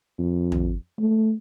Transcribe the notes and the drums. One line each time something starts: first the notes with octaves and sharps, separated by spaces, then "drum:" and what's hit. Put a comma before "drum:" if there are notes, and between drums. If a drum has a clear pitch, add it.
F2
drum: tom
A3